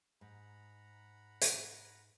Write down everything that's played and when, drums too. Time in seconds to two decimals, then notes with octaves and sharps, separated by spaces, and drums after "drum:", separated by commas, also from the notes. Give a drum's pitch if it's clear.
0.21 G#2 F#5 A#5 B5
1.41 drum: hi-hat